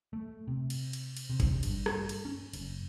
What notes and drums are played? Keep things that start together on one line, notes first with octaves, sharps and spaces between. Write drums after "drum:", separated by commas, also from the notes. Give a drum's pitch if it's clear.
A3
C3
drum: cymbal
drum: cymbal
drum: cymbal
C3
drum: kick G1, cymbal
G2, drum: cymbal
drum: rim click
drum: cymbal
C#4
F#1, drum: cymbal